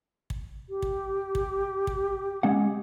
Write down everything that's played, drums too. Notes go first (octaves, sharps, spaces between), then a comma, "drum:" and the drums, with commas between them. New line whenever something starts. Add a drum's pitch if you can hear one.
drum: kick
G4
drum: kick
drum: kick
drum: kick
G#3 C#4 F#5